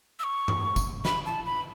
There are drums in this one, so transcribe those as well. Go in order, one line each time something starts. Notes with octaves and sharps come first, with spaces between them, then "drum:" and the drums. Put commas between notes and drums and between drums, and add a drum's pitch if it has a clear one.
E6
C#6
drum: tom G2
drum: kick, tambourine
B5, drum: snare
A5
B5